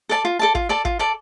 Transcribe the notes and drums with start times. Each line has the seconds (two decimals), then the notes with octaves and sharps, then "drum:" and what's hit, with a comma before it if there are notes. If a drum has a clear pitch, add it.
0.09 A4 D5 A5
0.25 F4
0.39 A4 D5 A5
0.55 F4, drum: kick
0.69 A4 D5 A5
0.85 F4, drum: kick
0.99 A4 D5 A5